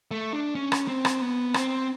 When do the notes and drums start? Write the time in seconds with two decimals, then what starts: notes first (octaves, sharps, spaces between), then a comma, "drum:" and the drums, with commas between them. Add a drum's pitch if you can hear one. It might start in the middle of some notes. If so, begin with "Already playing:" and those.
0.11 A3
0.33 D4
0.55 C#4
0.72 drum: rim click
0.88 C4
1.05 drum: rim click
1.21 B3
1.54 C4, drum: rim click